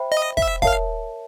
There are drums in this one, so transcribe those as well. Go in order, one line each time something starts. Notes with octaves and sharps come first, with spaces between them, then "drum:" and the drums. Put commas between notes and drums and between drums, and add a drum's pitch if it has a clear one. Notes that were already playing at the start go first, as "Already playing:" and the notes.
Already playing: C5 E5 G5 B5
D#5
E5, drum: kick
A#4 C#5 E5 F5 A5, drum: kick